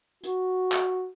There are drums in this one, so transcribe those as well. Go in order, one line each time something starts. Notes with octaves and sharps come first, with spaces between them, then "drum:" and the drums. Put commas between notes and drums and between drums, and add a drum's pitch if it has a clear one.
F#4, drum: hi-hat
drum: clap